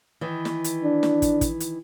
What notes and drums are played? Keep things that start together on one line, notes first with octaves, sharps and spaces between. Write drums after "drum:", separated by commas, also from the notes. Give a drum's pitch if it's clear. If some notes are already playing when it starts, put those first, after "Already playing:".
D#3 E3
drum: snare
drum: hi-hat
D4
drum: snare
drum: kick, hi-hat
drum: kick, hi-hat
drum: hi-hat